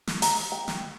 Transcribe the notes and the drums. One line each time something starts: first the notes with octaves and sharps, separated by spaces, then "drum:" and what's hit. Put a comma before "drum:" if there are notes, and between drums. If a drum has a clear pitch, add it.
drum: snare
A#5, drum: open hi-hat
G5
drum: snare